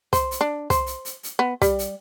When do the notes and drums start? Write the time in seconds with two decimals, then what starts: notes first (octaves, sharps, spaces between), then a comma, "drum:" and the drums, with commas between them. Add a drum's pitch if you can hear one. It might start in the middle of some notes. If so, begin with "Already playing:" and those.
0.13 C5, drum: kick, hi-hat
0.31 drum: hi-hat
0.41 D4
0.70 C5, drum: kick, hi-hat
0.86 drum: hi-hat
1.05 drum: hi-hat
1.23 drum: hi-hat
1.39 B3
1.62 G3, drum: kick, hi-hat
1.79 drum: hi-hat